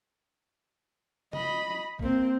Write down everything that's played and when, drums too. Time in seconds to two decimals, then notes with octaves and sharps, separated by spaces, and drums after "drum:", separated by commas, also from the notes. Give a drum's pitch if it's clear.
1.33 D#5 B5, drum: tom
1.99 A#3 C4, drum: kick A#1